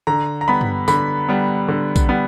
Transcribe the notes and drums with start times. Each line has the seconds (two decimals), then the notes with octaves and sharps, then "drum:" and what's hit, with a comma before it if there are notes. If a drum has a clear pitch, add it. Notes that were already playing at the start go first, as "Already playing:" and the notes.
0.07 D3 A#5
0.41 A#5
0.48 G3 B3 B5
0.61 drum: tom G2
0.88 D3 B5, drum: tambourine
1.29 G3 B3
1.69 D3
1.96 drum: kick A#1, tambourine
2.09 G3 B3